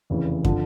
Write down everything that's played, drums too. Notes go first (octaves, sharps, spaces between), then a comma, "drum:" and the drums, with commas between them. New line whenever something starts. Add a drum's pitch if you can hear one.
F1 E2 C#3 E3
D3 F3, drum: kick